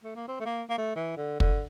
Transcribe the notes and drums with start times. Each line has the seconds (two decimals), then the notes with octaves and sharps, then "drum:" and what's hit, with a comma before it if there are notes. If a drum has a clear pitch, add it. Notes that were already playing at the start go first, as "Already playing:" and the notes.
0.04 A3
0.15 A#3
0.28 C4
0.40 A3
0.46 A#3
0.69 A#3
0.78 A3
0.96 E3
1.17 D3
1.40 D3, drum: kick